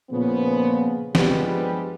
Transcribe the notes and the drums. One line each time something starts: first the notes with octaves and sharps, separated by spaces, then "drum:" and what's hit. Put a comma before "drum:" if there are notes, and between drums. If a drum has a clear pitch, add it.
A#2 C#3 F3 B3
G2 F3 G3 G#3 B3 G4, drum: snare